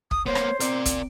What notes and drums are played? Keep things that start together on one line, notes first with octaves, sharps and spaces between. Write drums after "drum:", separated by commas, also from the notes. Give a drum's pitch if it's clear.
D#6, drum: kick
A#3 B3 C5 C#5
drum: rim click
C4 A#4 D5, drum: hi-hat
drum: kick, hi-hat